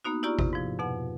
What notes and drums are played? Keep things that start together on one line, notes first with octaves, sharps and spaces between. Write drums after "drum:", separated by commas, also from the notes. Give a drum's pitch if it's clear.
A#3 B3 D#4 F#4
E4 F4 G4 D5 A#5 C#6
C3, drum: kick G#1
G#2 F3
F2 B2 F#5